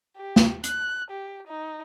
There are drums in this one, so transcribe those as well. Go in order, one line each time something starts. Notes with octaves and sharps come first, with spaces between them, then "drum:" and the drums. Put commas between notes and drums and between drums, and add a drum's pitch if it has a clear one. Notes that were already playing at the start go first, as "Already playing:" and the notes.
G4
drum: snare
F#6, drum: hi-hat
G4
D#4